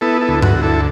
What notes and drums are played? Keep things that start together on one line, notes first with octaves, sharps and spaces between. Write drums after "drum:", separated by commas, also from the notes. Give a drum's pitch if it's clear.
B3 E4 A4
E4 A4
D2
F#4, drum: tom G2
D2
E4 A4